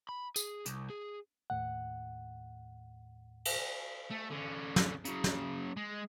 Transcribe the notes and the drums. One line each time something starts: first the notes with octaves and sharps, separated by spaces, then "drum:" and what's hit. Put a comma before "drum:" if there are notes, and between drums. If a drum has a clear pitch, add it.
B5
G#4, drum: tambourine
C2, drum: hi-hat
G#4
D#2 A2 F#5
drum: cymbal
A3
D3 C#4
drum: snare
C#3 F#3, drum: hi-hat
drum: snare
G#3